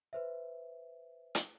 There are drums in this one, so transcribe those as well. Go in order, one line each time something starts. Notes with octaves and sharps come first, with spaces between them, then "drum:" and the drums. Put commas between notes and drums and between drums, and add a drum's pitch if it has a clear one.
B4 C5 E5
drum: hi-hat